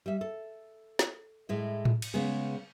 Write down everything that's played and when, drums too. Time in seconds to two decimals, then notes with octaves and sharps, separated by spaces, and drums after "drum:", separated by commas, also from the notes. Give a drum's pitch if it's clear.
0.06 G3 E5
0.21 A4
0.99 drum: snare
1.49 A2 G#3 E4
1.85 drum: tom A2
2.02 drum: cymbal
2.14 C#3 G#3 B3 G#4